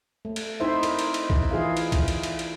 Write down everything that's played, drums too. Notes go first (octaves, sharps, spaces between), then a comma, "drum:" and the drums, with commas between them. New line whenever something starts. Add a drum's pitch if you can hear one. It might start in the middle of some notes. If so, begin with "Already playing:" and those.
A3
drum: cymbal
D#4 E4 C5 E5
A#4, drum: cymbal
drum: cymbal
drum: cymbal
drum: kick
E3 E4 F4 G#4 A#4 F5
drum: cymbal
drum: kick, cymbal
drum: cymbal
drum: cymbal
drum: cymbal